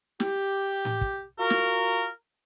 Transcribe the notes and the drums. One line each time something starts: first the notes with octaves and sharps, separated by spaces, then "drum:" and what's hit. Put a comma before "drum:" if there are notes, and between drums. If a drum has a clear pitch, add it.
G4, drum: snare
drum: tom A2
drum: kick
F4 F#4 A#4
drum: snare